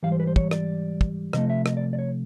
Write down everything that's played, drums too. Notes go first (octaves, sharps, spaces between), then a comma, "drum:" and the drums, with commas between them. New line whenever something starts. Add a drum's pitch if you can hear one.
G#2 E3 G3 F5
C5
B4
C5
C#5, drum: kick
D5, drum: rim click
drum: kick
C3 F3 A3 D#5, drum: rim click
E5
D#5, drum: rim click
D5
D5
C#5